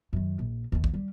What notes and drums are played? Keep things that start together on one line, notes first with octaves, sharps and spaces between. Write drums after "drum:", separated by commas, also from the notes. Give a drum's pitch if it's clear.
F#2 D#3
A#1
D#2 D#3
drum: kick
G3